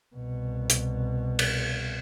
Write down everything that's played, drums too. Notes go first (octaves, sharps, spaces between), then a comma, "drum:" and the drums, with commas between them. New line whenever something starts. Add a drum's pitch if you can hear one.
C2 B2
drum: hi-hat
drum: cymbal